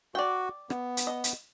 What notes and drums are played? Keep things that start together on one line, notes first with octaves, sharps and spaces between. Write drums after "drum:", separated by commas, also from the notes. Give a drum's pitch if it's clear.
F#4 D5 G5
B3, drum: rim click
drum: hi-hat
D#5
drum: hi-hat